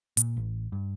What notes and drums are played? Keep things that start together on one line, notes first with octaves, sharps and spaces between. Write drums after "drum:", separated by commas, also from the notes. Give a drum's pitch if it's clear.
A#2, drum: hi-hat
A1
G2